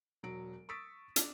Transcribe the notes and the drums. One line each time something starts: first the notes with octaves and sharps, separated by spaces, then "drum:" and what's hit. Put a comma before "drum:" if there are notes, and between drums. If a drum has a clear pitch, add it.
E1 F#3 D7
C#6 D#6 E6 A6 B6 D7
D4, drum: hi-hat